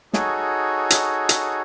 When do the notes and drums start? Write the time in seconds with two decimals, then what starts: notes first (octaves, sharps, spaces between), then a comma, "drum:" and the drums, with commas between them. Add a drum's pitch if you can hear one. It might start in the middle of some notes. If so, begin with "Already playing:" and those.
0.13 D#4 F#4 G#4 A4 C#5, drum: snare
0.90 drum: hi-hat
1.29 drum: hi-hat